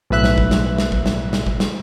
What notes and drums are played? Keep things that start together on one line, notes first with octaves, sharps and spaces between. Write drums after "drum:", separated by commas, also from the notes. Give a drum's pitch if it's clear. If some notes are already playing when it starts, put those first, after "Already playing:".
B1 A2 B4 E5 F#6
drum: snare
drum: kick
drum: snare
drum: snare
drum: kick
drum: snare
drum: snare
drum: kick
drum: snare